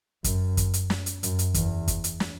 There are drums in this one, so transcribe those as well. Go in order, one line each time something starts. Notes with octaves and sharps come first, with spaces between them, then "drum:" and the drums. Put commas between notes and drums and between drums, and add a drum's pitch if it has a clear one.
F#2, drum: kick, hi-hat
drum: kick, hi-hat
drum: hi-hat
drum: snare
drum: hi-hat
F#2, drum: hi-hat
drum: hi-hat
E2, drum: kick, hi-hat
drum: kick, hi-hat
drum: hi-hat
drum: snare